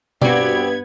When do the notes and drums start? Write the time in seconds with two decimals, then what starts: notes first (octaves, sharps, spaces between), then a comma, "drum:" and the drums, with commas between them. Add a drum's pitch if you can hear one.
0.22 G2 B3 C4 F#4 G4 D5 G#6, drum: tom B2